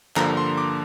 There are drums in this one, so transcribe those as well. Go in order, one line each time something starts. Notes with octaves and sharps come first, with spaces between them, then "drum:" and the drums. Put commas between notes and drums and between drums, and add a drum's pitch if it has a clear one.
G2 D3 F3 A#3 A#5, drum: clap
C6
D6